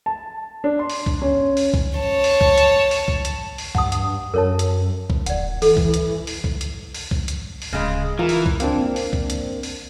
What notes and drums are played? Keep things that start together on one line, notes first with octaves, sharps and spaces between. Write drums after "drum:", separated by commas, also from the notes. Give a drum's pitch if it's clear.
A5
D4
C6
drum: open hi-hat
drum: kick B1
C#4
drum: open hi-hat
drum: kick B1
C#5 A5
drum: open hi-hat
drum: kick B1
drum: hi-hat
drum: open hi-hat
drum: kick B1
drum: hi-hat
drum: open hi-hat
G2 F#5 A5 D#6, drum: kick B1
drum: hi-hat
F#2 A#4 C#5 A5
drum: hi-hat
drum: kick B1
D#1 D5 F#5, drum: hi-hat
E3 A4, drum: open hi-hat
drum: kick B1
drum: hi-hat
drum: open hi-hat
drum: kick B1
drum: hi-hat
drum: open hi-hat
drum: kick B1
drum: hi-hat
drum: open hi-hat
D1 C#3 G#3
E3 F4 A#4
drum: open hi-hat
drum: kick B1
A#3 C4 D4, drum: hi-hat
drum: open hi-hat
drum: kick B1
drum: hi-hat
drum: open hi-hat